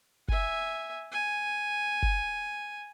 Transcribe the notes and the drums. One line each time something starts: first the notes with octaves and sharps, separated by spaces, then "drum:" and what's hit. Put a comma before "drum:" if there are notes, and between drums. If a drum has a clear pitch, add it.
E5 G#5, drum: kick F#1
G#5
drum: kick F#1